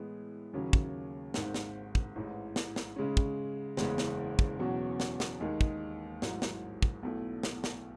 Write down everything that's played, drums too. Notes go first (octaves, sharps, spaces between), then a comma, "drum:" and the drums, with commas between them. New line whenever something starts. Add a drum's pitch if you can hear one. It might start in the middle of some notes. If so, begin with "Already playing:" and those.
Already playing: A2 E3 G#3 B3
D#2 C#3 F#3 C#4
drum: kick
G#1 G#2 D#3, drum: snare
drum: snare
drum: kick
A1 G#2 E3
drum: snare
drum: snare
C#3 G#3 C#4
drum: kick
F#1 E2 C#3 G#3 C#4, drum: snare
drum: snare
drum: kick
E2 B2 F#3 C#4 F#4
drum: snare
drum: snare
D#2 D#3 G#3 D#4 G#4
drum: kick
A1 G#2 F#3, drum: snare
drum: snare
drum: kick
B1 B2 A3 E4
drum: snare
drum: snare